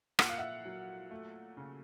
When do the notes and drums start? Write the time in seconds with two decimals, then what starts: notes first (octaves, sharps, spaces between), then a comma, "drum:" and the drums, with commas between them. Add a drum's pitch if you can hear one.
0.19 A#2 F#5, drum: rim click
0.29 F5
0.38 E5 F#5
0.65 F#3
1.11 A3
1.57 C#3